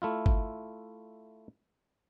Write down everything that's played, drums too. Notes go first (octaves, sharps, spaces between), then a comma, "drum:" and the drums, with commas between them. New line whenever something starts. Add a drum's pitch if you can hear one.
A3 E4 F4
drum: kick G1